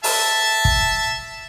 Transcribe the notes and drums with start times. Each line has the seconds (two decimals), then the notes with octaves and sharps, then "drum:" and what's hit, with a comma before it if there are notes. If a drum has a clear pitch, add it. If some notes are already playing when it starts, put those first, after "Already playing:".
0.04 E5 A5, drum: open hi-hat
0.65 drum: kick